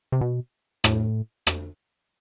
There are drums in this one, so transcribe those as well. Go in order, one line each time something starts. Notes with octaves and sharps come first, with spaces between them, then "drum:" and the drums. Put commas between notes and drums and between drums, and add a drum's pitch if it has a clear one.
C3
B2
A2, drum: rim click
drum: rim click